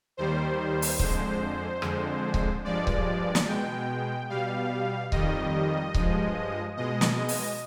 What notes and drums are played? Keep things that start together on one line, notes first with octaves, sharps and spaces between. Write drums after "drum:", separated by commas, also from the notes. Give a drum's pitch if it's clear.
D#2 D#3 G3 C5
drum: open hi-hat
F2 D3 G#3 C5, drum: kick C#1
F2 D3 G#3, drum: rim click
drum: kick C#1
G2 F3 G#3 D5
drum: kick C#1
drum: snare
B2 G#3 G5
B2 G3 F5
F2 D#3 G3 D#5, drum: kick C#1
G2 F3 G#3, drum: kick C#1
B2 G#3 D#5
drum: snare
drum: open hi-hat